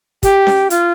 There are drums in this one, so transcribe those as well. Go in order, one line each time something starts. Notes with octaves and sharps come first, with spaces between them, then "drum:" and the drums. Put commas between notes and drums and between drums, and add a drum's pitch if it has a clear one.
G4, drum: kick, hi-hat
drum: snare C#4
F4, drum: hi-hat